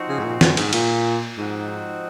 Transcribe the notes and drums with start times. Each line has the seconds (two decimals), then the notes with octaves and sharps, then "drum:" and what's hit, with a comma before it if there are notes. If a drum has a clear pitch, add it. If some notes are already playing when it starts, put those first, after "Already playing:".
Already playing: F3 C4 D#4 F#4
0.09 C#3
0.19 G#2
0.24 A#2
0.41 F#2, drum: snare
0.57 G#2, drum: cymbal
0.73 A#2, drum: cymbal
1.37 G#2 F3 C4 D#4 F#4